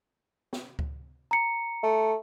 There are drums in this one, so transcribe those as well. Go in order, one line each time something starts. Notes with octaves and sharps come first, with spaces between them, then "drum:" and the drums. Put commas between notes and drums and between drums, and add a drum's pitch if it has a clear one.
drum: snare
drum: kick C#2
A#5 C#7
A3